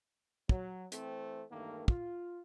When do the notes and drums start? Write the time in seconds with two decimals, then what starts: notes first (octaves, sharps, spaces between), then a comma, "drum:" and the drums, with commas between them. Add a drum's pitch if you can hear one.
0.49 F#3, drum: kick
0.92 E3 A3 C4, drum: hi-hat
1.51 E2 G2 D#3 A3 A#3
1.88 F4, drum: kick